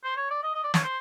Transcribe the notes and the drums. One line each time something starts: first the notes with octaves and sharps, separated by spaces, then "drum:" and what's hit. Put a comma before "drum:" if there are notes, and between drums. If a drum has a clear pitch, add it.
C5
C#5
D5
D#5
D#5
D5
C#5, drum: snare
C5